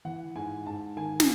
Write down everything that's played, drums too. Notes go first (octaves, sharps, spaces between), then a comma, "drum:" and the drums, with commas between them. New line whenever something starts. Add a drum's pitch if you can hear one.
E3 F#5
G#2 G#5
G#2 A5
D#3 G#5
G#5, drum: snare